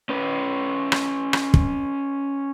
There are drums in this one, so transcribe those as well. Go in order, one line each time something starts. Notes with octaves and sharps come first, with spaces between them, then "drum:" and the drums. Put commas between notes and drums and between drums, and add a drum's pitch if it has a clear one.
C#4 B4
drum: rim click
drum: rim click
drum: kick